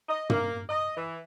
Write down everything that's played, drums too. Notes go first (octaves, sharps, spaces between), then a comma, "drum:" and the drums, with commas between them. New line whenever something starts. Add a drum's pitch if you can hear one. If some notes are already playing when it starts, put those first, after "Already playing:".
D#5
A#3, drum: tom
D#5
E3